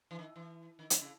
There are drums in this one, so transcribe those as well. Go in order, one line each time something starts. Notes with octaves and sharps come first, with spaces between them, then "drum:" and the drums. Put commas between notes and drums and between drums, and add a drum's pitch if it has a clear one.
E3
D#3
E3
D#3
D#3, drum: hi-hat
C#3